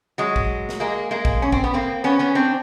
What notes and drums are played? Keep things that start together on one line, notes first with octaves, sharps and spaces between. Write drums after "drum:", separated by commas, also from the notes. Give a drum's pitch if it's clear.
F#3 G#3
drum: kick
drum: snare
G#3 A#3
G#3 A#3
drum: kick
C#4
C4, drum: kick
B3
A#3 C4
B3 C#4
B3 C#4
C4 D4